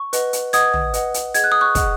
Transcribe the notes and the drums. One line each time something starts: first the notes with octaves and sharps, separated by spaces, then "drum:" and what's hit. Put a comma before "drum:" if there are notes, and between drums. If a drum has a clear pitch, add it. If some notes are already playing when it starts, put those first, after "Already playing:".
Already playing: C#6
B4 D#5 F#5, drum: hi-hat
drum: hi-hat
B4 D#5 F#5 D#6 G#6, drum: hi-hat
drum: tom
B4 D#5 F#5, drum: hi-hat
drum: hi-hat
G#4 D#5 F#5 G#6, drum: hi-hat
F#6
D#6
C#6 F#6
G#4 D#5 F#5, drum: kick, hi-hat